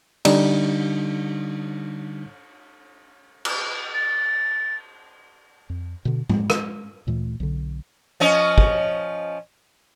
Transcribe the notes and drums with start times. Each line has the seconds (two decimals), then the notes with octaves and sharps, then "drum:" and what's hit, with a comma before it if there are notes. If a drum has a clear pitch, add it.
0.25 D3 G3 D4 D#4, drum: cymbal
3.45 drum: cymbal
3.94 A6
5.70 F2
6.05 B2 D3
6.29 G#3, drum: tom G#2
6.50 drum: rim click
7.07 D2 A#2 E3 A3
7.40 B1 D3
8.20 F3 C#4 D#5
8.58 drum: kick